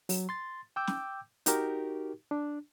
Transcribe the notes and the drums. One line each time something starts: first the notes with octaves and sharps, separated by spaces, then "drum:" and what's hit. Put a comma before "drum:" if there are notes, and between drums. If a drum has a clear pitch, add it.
F#3, drum: open hi-hat
C6 A6
G5 D6 E6 G6
drum: snare
D#4 F#4 G4 A#4, drum: hi-hat
D4